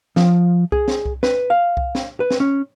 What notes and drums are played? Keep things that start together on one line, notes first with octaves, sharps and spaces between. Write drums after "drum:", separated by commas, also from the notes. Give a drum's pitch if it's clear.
F3, drum: snare
G#4, drum: kick C2
drum: snare
drum: kick C2
B4, drum: snare
F5
drum: kick C2
drum: snare
B4
drum: snare
C#4